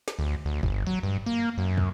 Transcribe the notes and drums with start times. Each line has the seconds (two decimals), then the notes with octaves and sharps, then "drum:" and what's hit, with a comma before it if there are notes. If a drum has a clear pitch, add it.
0.08 drum: snare
0.19 D2
0.45 D2
0.63 G1, drum: kick
0.87 F#3
1.03 G2
1.26 A#3
1.58 F#2
1.78 drum: kick